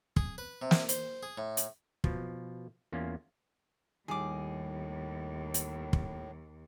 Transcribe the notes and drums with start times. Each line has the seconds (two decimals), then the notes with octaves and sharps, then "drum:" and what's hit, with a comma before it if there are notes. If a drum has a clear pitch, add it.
0.16 G#4, drum: kick
0.38 B4
0.62 C3
0.71 drum: snare
0.89 C5, drum: hi-hat
1.23 G#4
1.38 A2
1.57 drum: hi-hat
2.04 B2 F3, drum: kick
2.92 E2 A#3 C#4 F4
4.08 D#2 A2 D#3 G3 G#4 D6
5.54 drum: hi-hat
5.93 drum: kick